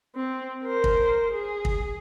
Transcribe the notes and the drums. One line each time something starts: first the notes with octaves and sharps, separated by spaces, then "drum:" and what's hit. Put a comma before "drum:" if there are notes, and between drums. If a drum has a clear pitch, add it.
C4
A#4 C5
drum: kick
G#4
drum: kick